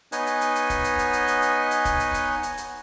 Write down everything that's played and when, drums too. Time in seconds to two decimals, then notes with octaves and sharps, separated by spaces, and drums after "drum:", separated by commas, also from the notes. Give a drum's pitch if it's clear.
0.12 B3 D#4 B4 C#5 D#5 G#5, drum: hi-hat
0.26 drum: hi-hat
0.41 drum: hi-hat
0.55 drum: hi-hat
0.70 drum: kick, hi-hat
0.84 drum: hi-hat
0.99 drum: hi-hat
1.13 drum: hi-hat
1.28 drum: hi-hat
1.42 drum: hi-hat
1.71 drum: hi-hat
1.85 drum: kick, hi-hat
2.00 drum: hi-hat
2.14 drum: hi-hat
2.43 drum: hi-hat
2.57 drum: hi-hat